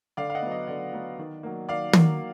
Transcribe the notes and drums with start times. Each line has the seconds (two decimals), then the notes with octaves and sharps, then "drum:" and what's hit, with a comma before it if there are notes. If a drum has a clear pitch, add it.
0.17 D3 D5 F5
0.30 F5
0.35 D#5 F#5
0.43 F#3 B3
0.51 D#5
0.67 D3 D5
0.93 F#3 B3
1.19 D#3
1.43 F#3 A#3
1.69 D#3 D5 F5
1.93 F#3 A#3, drum: tom